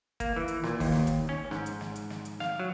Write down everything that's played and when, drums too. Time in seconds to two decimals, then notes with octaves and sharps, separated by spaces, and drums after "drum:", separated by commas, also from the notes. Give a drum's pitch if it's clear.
0.20 A#3, drum: kick, hi-hat
0.36 E3
0.48 drum: hi-hat
0.64 A#2, drum: snare
0.80 D#2, drum: kick, open hi-hat
0.92 drum: snare
1.07 drum: kick, hi-hat
1.29 C#4
1.51 G#2, drum: snare
1.66 drum: hi-hat
1.81 drum: snare
1.96 drum: hi-hat
2.10 drum: snare
2.25 drum: hi-hat
2.40 F5, drum: snare
2.59 F#3